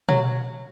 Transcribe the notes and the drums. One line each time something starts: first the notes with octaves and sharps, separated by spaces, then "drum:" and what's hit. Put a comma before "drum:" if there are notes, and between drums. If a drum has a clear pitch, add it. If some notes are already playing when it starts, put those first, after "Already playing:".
F#3, drum: tom B2